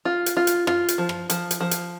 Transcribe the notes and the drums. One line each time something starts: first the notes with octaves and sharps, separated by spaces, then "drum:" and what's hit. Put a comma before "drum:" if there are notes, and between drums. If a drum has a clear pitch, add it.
F4
drum: hi-hat
F4
drum: hi-hat
F4, drum: rim click
drum: hi-hat
F3
drum: rim click
F3, drum: hi-hat
drum: hi-hat
F3
drum: hi-hat